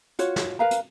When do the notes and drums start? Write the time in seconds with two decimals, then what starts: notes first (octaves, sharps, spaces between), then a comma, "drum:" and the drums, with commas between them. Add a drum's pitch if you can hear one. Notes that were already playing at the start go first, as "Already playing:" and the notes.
0.19 F4 F#4 C#5, drum: hi-hat
0.36 drum: snare
0.59 A#4 B4 F5 A#5
0.71 drum: hi-hat